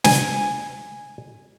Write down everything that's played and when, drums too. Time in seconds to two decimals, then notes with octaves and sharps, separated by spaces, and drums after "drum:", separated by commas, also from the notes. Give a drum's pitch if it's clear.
0.04 G#5, drum: snare